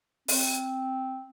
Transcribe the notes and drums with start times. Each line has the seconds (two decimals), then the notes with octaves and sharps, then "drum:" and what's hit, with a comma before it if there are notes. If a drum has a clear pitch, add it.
0.28 C4, drum: open hi-hat